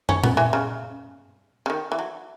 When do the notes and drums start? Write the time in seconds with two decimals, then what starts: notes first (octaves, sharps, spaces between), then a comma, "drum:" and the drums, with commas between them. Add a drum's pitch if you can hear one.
0.09 C#4, drum: tom
0.24 B3, drum: tom A#2
0.37 E3
0.53 C#3
1.66 C#3
1.70 D#3
1.92 E3
1.99 F#3